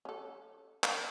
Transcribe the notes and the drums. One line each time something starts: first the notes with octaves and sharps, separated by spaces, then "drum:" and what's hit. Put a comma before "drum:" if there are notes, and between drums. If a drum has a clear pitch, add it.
C#4 A4
drum: clap